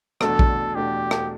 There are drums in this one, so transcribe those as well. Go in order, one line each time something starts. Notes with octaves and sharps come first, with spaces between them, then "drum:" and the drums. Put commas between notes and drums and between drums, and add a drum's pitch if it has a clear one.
E2 B2 A3 D4 A4, drum: rim click
drum: kick A#1
E2 B2 A3 D4 G4
drum: rim click